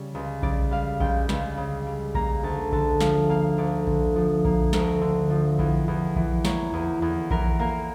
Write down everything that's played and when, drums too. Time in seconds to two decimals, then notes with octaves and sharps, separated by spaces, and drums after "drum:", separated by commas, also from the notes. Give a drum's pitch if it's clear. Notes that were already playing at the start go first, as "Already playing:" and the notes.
Already playing: C#3 G3 C#5
0.15 C#2
0.43 C#3 D5, drum: kick A#1
0.71 G3 F5
1.00 C#2 G5, drum: kick A#1
1.29 C#2, drum: snare
1.57 C#3
1.87 G3
2.15 A#3 A#5, drum: kick A#1
2.43 D2 A5
2.72 D3 A5, drum: kick A#1
3.01 F3 F5, drum: snare
3.30 A#3 F5
3.58 D2 D5
3.87 D3, drum: kick A#1
4.16 F3
4.45 A#3, drum: kick A#1
4.73 D2 A#4, drum: snare
5.01 D3
5.30 F3
5.59 E2, drum: kick A#1
5.88 E2
6.16 E3, drum: kick A#1
6.45 A#3 C#5, drum: snare
6.74 E2
7.02 E2
7.31 E3 A#4, drum: kick A#1
7.59 A#3 A#4